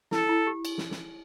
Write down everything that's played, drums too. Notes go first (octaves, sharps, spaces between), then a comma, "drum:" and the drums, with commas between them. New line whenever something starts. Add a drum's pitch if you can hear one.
E4 A4, drum: snare
E4
G4
drum: cymbal
drum: snare
drum: snare